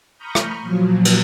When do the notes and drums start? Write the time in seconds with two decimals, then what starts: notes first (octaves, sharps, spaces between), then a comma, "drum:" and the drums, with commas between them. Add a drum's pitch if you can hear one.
0.18 A#5 B5 C#6 D#6 F6 G6
0.35 drum: rim click
0.62 A#2 F3 F#3
1.05 drum: cymbal